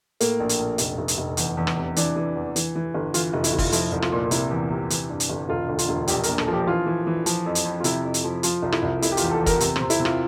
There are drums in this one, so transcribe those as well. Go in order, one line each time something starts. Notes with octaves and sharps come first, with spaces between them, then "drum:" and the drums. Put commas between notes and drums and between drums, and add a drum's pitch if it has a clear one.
A2 A#3, drum: hi-hat
A#1
drum: hi-hat
A#1
F1, drum: hi-hat
F1
drum: hi-hat
F1
E2, drum: hi-hat
E2
drum: rim click
C3
E3 D4, drum: hi-hat
E3
E2
E3, drum: hi-hat
E3
G1
E3 F4, drum: hi-hat
F1
E4, drum: hi-hat
F1
F4, drum: kick, open hi-hat
F3 E4, drum: hi-hat
C2
F4, drum: rim click
A#2
C3 E4, drum: hi-hat
E2
C3
E3, drum: hi-hat
G2
drum: hi-hat
G1
E1 F4
D2
F4, drum: hi-hat
E1
A#1 G4, drum: hi-hat
A#4, drum: hi-hat
A#2
A4, drum: rim click
F3 G4
E3 F4
E3
E3
F3, drum: hi-hat
F2
drum: hi-hat
F2
F4
C3 E4, drum: hi-hat
F2
drum: hi-hat
F3
F3 F4, drum: hi-hat
C2
E4, drum: rim click
C2
F1 E4, drum: hi-hat
G4
F4, drum: hi-hat
E2
A4
E2
A#4, drum: kick, hi-hat
C3, drum: hi-hat
C4, drum: rim click
C3
E4, drum: hi-hat
C3
F4, drum: rim click